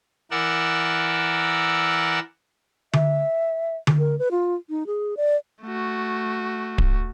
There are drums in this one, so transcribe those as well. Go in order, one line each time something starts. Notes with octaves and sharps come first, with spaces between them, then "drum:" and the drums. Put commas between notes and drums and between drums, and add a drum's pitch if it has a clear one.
E3 A#4 D5 F#5 E6
E5, drum: tom D3
drum: tom D3
A#4
B4
F4
D#4
G#4
D5
A3 F#4
drum: kick D1